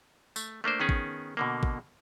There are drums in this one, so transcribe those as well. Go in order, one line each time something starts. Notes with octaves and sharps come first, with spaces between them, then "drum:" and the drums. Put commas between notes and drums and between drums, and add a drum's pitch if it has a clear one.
A3, drum: tambourine
A3 A#3 D4 C5
D#3 B3 C#4 G#4
drum: kick G#1
B2 D3 A#3
drum: kick G#1